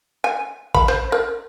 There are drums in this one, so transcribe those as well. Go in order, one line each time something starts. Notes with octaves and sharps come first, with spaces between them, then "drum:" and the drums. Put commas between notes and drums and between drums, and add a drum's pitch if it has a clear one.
G#5
B5, drum: kick A1
C5, drum: hi-hat
A#4